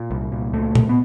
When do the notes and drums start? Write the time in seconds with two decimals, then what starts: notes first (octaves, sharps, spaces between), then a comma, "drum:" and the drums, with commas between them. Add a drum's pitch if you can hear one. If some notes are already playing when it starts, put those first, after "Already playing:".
Already playing: A#2 A#3
0.11 C2
0.32 A#2
0.53 C#2 A3
0.75 C3, drum: tom A#2
0.89 B3